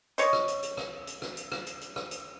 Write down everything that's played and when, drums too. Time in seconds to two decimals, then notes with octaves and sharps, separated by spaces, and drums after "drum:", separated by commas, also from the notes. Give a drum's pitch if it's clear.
0.18 C#5 D#5, drum: hi-hat
0.33 drum: rim click
0.48 drum: hi-hat
0.63 drum: hi-hat
0.77 drum: rim click
1.07 drum: hi-hat
1.22 drum: rim click
1.37 drum: hi-hat
1.52 drum: rim click
1.66 drum: hi-hat
1.81 drum: hi-hat
1.96 drum: rim click
2.11 drum: hi-hat